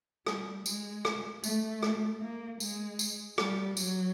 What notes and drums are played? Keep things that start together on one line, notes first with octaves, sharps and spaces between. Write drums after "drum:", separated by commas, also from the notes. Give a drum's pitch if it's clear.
G3, drum: rim click
G#3, drum: tambourine
drum: rim click
A3, drum: tambourine
drum: rim click
A#3
G#3, drum: tambourine
drum: tambourine
G3, drum: rim click
F#3, drum: tambourine